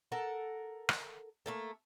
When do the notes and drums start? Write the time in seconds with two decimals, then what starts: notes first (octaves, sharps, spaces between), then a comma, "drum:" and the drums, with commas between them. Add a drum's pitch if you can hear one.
0.12 A4 A#4 F#5
0.89 drum: rim click
1.46 A3 A#3 A4